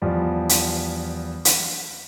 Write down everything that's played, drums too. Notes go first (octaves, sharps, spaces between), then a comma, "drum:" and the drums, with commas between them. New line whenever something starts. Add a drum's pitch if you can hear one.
E2 F3 G3
drum: hi-hat
drum: hi-hat